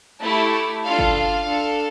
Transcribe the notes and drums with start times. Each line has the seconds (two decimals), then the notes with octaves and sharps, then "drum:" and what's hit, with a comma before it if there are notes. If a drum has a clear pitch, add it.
0.21 A3 E4 G4 A5
0.83 D4 F4 A4 F5
0.99 drum: kick
1.15 F5
1.46 D4 A4